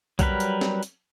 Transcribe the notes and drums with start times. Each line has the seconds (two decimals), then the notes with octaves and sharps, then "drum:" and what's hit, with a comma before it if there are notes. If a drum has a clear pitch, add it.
0.19 F#3 G3 A#4 B4, drum: kick B1, hi-hat
0.40 drum: hi-hat
0.61 drum: snare
0.83 drum: hi-hat